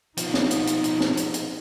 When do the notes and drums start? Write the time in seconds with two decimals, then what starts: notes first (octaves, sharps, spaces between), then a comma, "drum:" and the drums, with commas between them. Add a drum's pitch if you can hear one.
0.17 B2 F3 D#4, drum: hi-hat
0.34 drum: snare
0.51 drum: hi-hat
0.67 drum: hi-hat
0.84 drum: hi-hat
1.01 drum: snare
1.17 drum: hi-hat
1.34 drum: hi-hat